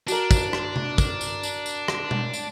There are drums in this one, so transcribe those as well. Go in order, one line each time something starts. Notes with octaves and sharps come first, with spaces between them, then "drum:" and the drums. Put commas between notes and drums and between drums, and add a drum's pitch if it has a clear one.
D4 F#4 A#4, drum: tambourine
drum: kick, tambourine
drum: rim click
drum: tom C3
drum: kick, tambourine
drum: tambourine
drum: tambourine
drum: tambourine
drum: rim click
drum: tom B2
drum: tambourine